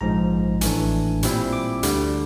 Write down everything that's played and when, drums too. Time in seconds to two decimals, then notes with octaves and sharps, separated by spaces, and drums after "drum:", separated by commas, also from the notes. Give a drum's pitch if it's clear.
0.01 A#1 G#2 F3 G#3 A#5
0.61 A1 A2 E3 A3 D4 G#5, drum: hi-hat
1.23 A#2 G3 C4 E4, drum: hi-hat
1.53 D6
1.83 D2 D3 G3, drum: hi-hat